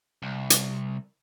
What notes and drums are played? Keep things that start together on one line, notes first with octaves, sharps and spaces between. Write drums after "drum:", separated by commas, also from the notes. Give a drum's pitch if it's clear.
C2
drum: hi-hat